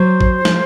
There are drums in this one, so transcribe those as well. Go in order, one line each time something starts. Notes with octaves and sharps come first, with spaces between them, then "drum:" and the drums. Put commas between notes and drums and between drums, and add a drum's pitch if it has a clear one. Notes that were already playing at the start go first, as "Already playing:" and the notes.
Already playing: F#3 C5
drum: kick
F3, drum: snare